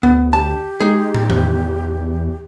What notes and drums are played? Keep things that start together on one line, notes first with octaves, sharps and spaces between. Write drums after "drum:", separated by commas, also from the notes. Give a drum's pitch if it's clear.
D2 B3
G4 A5
G#3 D#4 G#4
drum: tom
E2, drum: tom D#3